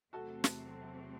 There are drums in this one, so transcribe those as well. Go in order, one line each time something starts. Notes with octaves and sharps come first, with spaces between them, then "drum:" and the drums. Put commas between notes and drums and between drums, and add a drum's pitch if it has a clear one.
E2 C3 F#3 A3 C4 F#4 A4
drum: snare